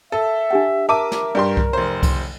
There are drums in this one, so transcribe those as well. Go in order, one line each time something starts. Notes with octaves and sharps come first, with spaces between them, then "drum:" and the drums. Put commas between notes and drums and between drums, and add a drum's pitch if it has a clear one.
A4 A#4 E5
D4 G4 F#5
A#4 E5 A5 D6 D#7
drum: snare
G2 G4 D5 C6
drum: kick C2
F1 C5
drum: kick C2, cymbal